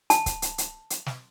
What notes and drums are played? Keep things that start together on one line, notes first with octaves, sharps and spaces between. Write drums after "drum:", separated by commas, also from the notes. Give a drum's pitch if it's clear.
A5, drum: hi-hat
drum: kick C#1, hi-hat
drum: hi-hat
drum: hi-hat
drum: hi-hat
drum: snare